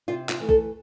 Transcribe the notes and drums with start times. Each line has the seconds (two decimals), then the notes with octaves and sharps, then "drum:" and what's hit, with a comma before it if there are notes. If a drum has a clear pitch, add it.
0.08 C3 F4
0.29 F4, drum: clap
0.38 E3 A3
0.49 A4, drum: kick